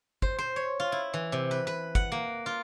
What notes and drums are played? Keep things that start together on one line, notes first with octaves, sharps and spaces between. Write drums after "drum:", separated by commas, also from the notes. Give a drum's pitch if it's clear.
C5, drum: kick
C5
C#5
F4
E4
E3
C3
B4
B4
F#5, drum: kick
A#3
F4